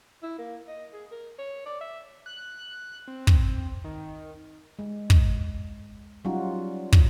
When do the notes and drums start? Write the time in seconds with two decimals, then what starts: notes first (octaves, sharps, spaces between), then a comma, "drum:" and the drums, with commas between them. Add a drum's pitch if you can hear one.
0.23 E4
0.38 A#3
0.68 D#5
0.93 G#4
1.11 A#4
1.39 C#5
1.66 D5
1.81 E5
2.26 F#6
3.08 C4
3.27 drum: kick
3.84 D#3
4.79 G#3
5.10 drum: kick
6.25 F#3 G3 C#4 D#4 F4 F#4
6.92 drum: kick